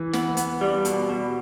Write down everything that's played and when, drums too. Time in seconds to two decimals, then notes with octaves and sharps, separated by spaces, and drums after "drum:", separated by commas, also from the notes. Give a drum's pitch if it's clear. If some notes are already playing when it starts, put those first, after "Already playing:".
Already playing: E3
0.13 B3, drum: snare
0.37 B3, drum: hi-hat
0.61 G3
0.85 B2, drum: hi-hat
1.09 B2